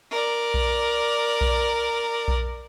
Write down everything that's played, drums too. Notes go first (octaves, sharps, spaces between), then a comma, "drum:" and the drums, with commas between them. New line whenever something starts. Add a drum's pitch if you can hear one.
A#4 D5
drum: kick A#1
drum: kick A#1
drum: kick A#1